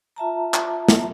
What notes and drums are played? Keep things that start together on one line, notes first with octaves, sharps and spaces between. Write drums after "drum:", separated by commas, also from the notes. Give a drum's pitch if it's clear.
F4 E5 A5 A#5
drum: clap
drum: snare